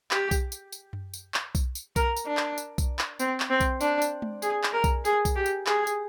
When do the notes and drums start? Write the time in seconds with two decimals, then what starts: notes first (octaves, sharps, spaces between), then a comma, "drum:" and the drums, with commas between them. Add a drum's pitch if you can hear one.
0.11 G4, drum: clap
0.31 drum: kick B1, tambourine
0.52 drum: tambourine
0.72 drum: tambourine
0.93 drum: tom F#2
1.14 drum: tambourine
1.34 drum: clap
1.55 drum: kick B1, tambourine
1.75 drum: tambourine
1.96 A#4, drum: kick B1, tambourine
2.16 drum: tambourine
2.26 D4
2.37 drum: clap
2.58 drum: tambourine
2.78 drum: kick B1, tambourine
2.99 drum: clap
3.19 C4, drum: tambourine
3.40 drum: clap
3.50 C4
3.61 drum: kick B1, tambourine
3.81 D4, drum: tambourine
4.02 drum: tambourine
4.22 drum: tom G#3
4.42 G#4, drum: tambourine
4.63 drum: clap
4.73 A#4
4.84 drum: kick B1, tambourine
5.05 G#4, drum: tambourine
5.25 drum: kick B1, tambourine
5.36 G4
5.46 drum: tambourine
5.66 G#4, drum: clap
5.87 drum: tambourine